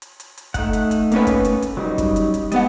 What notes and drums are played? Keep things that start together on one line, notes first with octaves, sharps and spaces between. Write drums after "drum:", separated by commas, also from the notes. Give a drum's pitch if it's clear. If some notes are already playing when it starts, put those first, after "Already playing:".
drum: hi-hat
drum: hi-hat
drum: hi-hat
A3 D#4 F#5, drum: kick, hi-hat
drum: hi-hat
drum: hi-hat
A#3 C#4 B4, drum: hi-hat
drum: kick, hi-hat
drum: hi-hat
drum: hi-hat
F#3 G3 D#4
drum: kick, hi-hat
drum: hi-hat
drum: hi-hat
G3 B3 D#5 F#5, drum: hi-hat